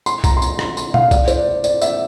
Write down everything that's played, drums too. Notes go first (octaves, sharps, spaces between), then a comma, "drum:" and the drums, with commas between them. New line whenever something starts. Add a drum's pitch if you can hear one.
C6, drum: tambourine
A#5, drum: kick C2, tambourine
C6
A#5, drum: tambourine
C6, drum: rim click
C6, drum: tambourine
F5, drum: tom B2
D5, drum: kick C2, tambourine
C5, drum: tambourine
D5
D5, drum: tambourine
E5, drum: tambourine